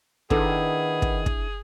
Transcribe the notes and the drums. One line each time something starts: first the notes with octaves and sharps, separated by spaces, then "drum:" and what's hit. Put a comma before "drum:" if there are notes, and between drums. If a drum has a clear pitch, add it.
D#3 B3 D4 E4 G#4 A4, drum: kick
drum: kick
drum: kick